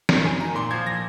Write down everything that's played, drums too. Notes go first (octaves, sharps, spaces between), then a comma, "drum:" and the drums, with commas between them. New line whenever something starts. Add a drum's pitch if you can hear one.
D#3, drum: snare
F#2 G#5
D#3 A#5
A#2 C6
F3 G#6
A#2 A#6